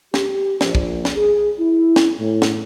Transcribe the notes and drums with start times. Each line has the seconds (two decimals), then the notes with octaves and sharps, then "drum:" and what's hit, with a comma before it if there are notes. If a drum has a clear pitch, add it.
0.14 G4, drum: snare
0.61 A#1, drum: snare
0.75 drum: kick
1.05 drum: snare
1.16 G#4
1.59 E4
1.96 drum: snare
2.18 A2
2.42 drum: snare